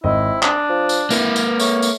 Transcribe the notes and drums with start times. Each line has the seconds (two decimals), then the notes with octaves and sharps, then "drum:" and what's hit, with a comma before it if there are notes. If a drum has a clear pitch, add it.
0.04 G#1 C4 E4 D#5
0.43 D4 D#6, drum: clap
0.69 F3
0.89 drum: tambourine
1.10 E3 A#3 B4, drum: tambourine
1.36 drum: tambourine
1.60 A3 C#5, drum: tambourine
1.82 drum: tambourine